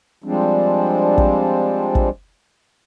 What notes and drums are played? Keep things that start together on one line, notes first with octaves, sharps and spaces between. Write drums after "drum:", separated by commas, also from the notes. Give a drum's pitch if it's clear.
F3 G3 G#3 C4 D4
drum: kick
drum: kick